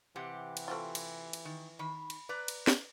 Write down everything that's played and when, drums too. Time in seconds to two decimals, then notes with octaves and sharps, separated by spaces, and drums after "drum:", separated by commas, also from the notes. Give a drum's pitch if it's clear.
0.16 C3 E3 G4 F#5
0.57 drum: cymbal
0.68 A3 C4 F4
0.95 drum: cymbal
1.33 drum: cymbal
1.45 D#3
1.79 D#3 B5
2.10 drum: cymbal
2.29 B4 D5 A#5
2.48 drum: cymbal
2.67 drum: snare